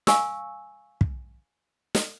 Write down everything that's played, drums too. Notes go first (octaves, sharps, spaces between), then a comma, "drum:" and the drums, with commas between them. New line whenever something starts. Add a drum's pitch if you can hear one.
F5 G#5 C#6 E6, drum: snare
drum: kick
drum: snare